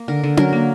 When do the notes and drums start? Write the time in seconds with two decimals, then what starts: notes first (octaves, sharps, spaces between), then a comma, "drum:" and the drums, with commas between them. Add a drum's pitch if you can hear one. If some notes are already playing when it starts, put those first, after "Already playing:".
Already playing: A#3
0.08 D3 A#4
0.24 D3
0.37 F#3 A#4, drum: tom C#4
0.53 A#3